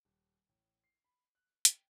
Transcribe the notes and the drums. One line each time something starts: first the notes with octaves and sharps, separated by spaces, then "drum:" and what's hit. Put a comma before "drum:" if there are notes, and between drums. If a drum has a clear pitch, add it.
D#1
A1
C7
B5
F#6
G5, drum: hi-hat